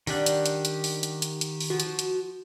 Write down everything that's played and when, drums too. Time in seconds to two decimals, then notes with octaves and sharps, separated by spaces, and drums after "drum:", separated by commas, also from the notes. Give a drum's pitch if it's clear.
0.07 D#3 G3 D4 G4 F#5, drum: open hi-hat
0.26 drum: hi-hat
0.46 drum: hi-hat
0.65 drum: hi-hat
0.84 drum: open hi-hat
1.03 drum: hi-hat
1.22 drum: hi-hat
1.41 drum: hi-hat
1.60 drum: open hi-hat
1.70 F3 F#4
1.80 drum: hi-hat
1.99 drum: hi-hat